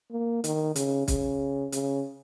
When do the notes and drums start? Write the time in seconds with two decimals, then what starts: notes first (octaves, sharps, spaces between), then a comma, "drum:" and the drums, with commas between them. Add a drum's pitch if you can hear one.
0.11 A#3
0.44 D#3, drum: hi-hat
0.76 C#3, drum: hi-hat
1.08 C#3, drum: kick, hi-hat
1.72 C#3, drum: hi-hat